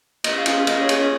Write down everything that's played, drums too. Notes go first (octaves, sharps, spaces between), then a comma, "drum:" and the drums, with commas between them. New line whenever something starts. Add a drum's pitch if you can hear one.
A#3 D#5, drum: cymbal
F5
C#4 F4 G#4, drum: cymbal
F5
A#3 D#5, drum: cymbal
C#5
C#4 F4 G#4, drum: cymbal
C#5